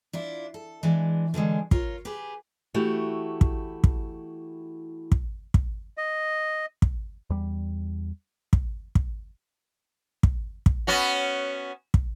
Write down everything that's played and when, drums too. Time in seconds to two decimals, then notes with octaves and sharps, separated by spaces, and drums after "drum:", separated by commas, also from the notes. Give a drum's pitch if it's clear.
0.13 D4 E4 F4
0.54 A4
0.83 E3 G#3 D4
1.34 D3 E3 G3 G#3
1.71 F4 A#4 C#5, drum: kick
2.05 G4 G#4 B4
2.74 E3 A3 E4 F#4 G4
3.41 drum: kick
3.84 drum: kick
5.12 drum: kick
5.54 drum: kick
5.98 D#5
6.82 drum: kick
7.30 E2 G3
8.53 drum: kick
8.95 drum: kick
10.23 drum: kick
10.66 drum: kick
10.87 B3 C#4 F#4
11.94 drum: kick